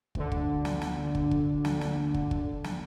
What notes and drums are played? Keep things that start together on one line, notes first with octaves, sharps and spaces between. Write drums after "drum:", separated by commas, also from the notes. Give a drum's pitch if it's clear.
D2 D3, drum: kick
drum: kick
drum: snare
drum: snare
drum: kick
drum: kick
drum: snare
drum: snare
drum: kick
drum: kick
drum: snare